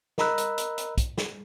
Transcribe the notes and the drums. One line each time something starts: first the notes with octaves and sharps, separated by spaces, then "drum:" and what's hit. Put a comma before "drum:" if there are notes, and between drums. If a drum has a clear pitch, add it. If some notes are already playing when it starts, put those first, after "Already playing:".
A#4 D#5 A#5 B5 E6 F#6, drum: snare
drum: hi-hat
drum: hi-hat
drum: hi-hat
drum: kick, hi-hat
drum: snare